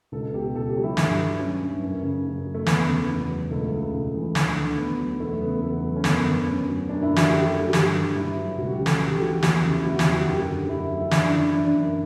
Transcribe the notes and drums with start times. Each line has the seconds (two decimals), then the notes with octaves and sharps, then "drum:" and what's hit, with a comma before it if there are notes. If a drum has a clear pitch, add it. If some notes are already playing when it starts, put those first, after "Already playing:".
0.12 C#2 A4
0.33 B2 G4
0.55 C#2 A4
0.70 G4
0.76 F#3
0.84 E4
0.97 G2, drum: snare
1.18 F#3
1.39 F#3 C#4
1.61 G2
1.82 F#2
2.02 C#3
2.24 F#2
2.45 F#3
2.54 A3
2.66 E2 B3, drum: snare
2.88 C#3
3.09 E2
3.29 F#3
3.51 C#2 A3
3.71 C#3
3.94 C#2
4.15 E3
4.35 D2, drum: snare
4.56 D3
4.77 D2 B3
4.98 F#3
5.19 E2 A3
5.41 C#3 B3
5.62 E2 A3
5.83 F#3
5.96 C#4
6.04 F#2 B3, drum: snare
6.26 D3
6.47 F#2 C#4
6.68 F#3
6.89 F#2 D4
7.02 E4
7.10 D3
7.16 F#4, drum: snare
7.31 F#2 G4
7.46 A4
7.53 F#3
7.59 G4
7.67 F#4
7.73 G2 G4, drum: snare
7.95 D3
8.16 G2 E4
8.37 F#3
8.57 C#2 F#4
8.71 G4
8.79 C#3
8.86 A4, drum: snare
9.00 C#2 A4
9.11 G4
9.21 E3 F#4
9.32 G4
9.43 E2, drum: snare
9.64 C#3
9.73 E4
9.85 E2 F#4
9.99 G4, drum: snare
10.06 F#3
10.12 F#4
10.27 F#2 G4
10.48 D3
10.69 F#2 E4
10.91 F#3
11.00 E4
11.11 F#2 D4, drum: snare
11.26 D4
11.33 E3
11.40 E4
11.53 E3 D4
11.75 F#2